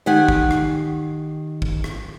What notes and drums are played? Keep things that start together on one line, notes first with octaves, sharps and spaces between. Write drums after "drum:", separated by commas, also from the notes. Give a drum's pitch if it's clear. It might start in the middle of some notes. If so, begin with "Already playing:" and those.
D#3 G4 F#5 G#5
drum: kick
drum: rim click
drum: kick
drum: rim click